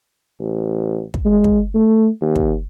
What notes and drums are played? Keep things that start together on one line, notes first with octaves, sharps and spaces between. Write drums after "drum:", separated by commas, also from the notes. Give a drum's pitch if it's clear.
A1
drum: kick
G#3
drum: kick
A3
D#2
drum: kick